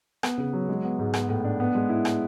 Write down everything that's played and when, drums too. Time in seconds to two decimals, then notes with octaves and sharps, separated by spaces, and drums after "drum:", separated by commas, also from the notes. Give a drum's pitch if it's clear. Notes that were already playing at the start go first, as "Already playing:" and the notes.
0.23 B3, drum: rim click
0.38 C#3
0.53 F#3
0.69 G#3
0.84 B3
0.99 G#2
1.14 B3, drum: rim click
1.29 A2
1.45 D4
1.60 B3
1.75 G#3
1.89 E4
2.05 drum: rim click